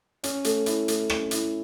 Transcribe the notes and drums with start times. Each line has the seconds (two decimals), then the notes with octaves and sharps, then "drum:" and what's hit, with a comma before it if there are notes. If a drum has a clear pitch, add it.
0.23 C#4, drum: hi-hat
0.44 A3, drum: hi-hat
0.66 E4, drum: hi-hat
0.88 A3, drum: hi-hat
1.10 C#4, drum: rim click
1.31 E4, drum: hi-hat